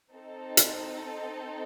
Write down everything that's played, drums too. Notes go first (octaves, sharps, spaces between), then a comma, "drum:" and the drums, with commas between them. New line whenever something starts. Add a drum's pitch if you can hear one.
C4 D#4 A4
drum: hi-hat